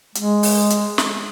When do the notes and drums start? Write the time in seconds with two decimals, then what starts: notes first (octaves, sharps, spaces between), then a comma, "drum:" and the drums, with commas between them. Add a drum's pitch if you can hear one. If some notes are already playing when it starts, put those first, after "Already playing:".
0.15 G#3, drum: hi-hat
0.43 drum: open hi-hat
0.70 drum: hi-hat
0.98 drum: snare